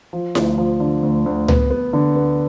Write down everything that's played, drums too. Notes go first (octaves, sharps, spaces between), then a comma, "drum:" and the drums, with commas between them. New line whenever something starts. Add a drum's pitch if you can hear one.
F3
D2, drum: snare E4
F3
D3
D2
D2
B3, drum: tom C#2
B3
D3
B3